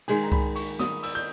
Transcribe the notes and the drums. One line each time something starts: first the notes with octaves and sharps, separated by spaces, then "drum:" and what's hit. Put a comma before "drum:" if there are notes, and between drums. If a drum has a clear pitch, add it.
D#3 G#3 D#4 G#5, drum: cymbal
A#5
B5, drum: kick C2
C#6, drum: cymbal
D#6, drum: snare
E6, drum: cymbal
G6